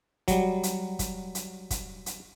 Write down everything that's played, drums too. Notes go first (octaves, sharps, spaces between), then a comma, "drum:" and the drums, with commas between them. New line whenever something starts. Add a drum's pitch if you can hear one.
F#3 G3, drum: kick, hi-hat
drum: hi-hat
drum: kick, hi-hat
drum: hi-hat
drum: kick, hi-hat
drum: hi-hat